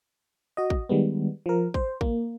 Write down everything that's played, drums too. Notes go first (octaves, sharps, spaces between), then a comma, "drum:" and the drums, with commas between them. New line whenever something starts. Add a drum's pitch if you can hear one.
F#4 D#5
drum: kick
D#3 G3 G#3 B3
F3 A#4
C5, drum: kick
A#3, drum: kick